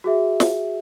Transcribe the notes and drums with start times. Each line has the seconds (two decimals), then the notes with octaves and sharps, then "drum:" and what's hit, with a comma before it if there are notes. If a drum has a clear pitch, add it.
0.04 F#4 G#4 E5
0.40 drum: snare